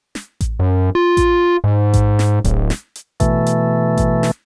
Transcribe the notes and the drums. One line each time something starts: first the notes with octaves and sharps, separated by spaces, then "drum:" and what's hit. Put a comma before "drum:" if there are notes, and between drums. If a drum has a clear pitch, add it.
drum: snare
drum: kick A1, hi-hat
F#2
F4
drum: kick A1, hi-hat
G#2
drum: kick A1, hi-hat
drum: snare
D1, drum: kick A1, hi-hat
drum: snare
drum: hi-hat
B2 E3 A3, drum: kick A1, hi-hat
drum: hi-hat
drum: kick A1, hi-hat
drum: snare